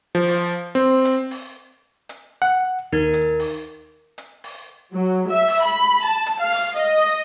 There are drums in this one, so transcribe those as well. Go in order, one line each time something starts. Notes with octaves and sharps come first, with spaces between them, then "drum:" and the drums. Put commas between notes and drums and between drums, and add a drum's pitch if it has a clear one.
F3
drum: open hi-hat
C4
drum: hi-hat
drum: open hi-hat
drum: hi-hat
F#5
D#2 D#4 A#4 G#6
drum: hi-hat
drum: open hi-hat
drum: hi-hat
drum: open hi-hat
F#3
E5
drum: open hi-hat
B5
A5
drum: hi-hat
F5
drum: open hi-hat
D#5